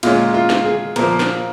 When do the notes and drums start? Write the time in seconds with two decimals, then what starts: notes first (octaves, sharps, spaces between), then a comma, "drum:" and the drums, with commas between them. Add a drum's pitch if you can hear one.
0.03 A#2 G#3 C#4 F4, drum: cymbal
0.34 F4
0.50 drum: snare
0.65 G#4
0.96 A#2 F3 A#3 A#4, drum: cymbal
1.20 drum: snare